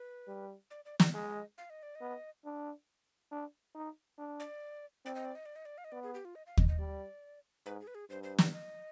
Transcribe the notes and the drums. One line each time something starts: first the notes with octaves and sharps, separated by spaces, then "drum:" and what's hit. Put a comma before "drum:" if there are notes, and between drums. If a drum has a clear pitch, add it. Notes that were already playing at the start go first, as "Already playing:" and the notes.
Already playing: B4
G3
D5
D5
D5, drum: snare
G#3 D#5
F5
D#5
D5
D#5
B3
D4
D4
D#4
D4
D5
C4 D5
D#5
D5
D#5
D5
D#5
D5
F5
D#5
B3 D5
G#4
G4
F4
D#5
F5
D#5, drum: kick
D#5
G3 D5
G#2 B4
G#4
B4
G#4
G2 C5
C5
D5, drum: snare
D#5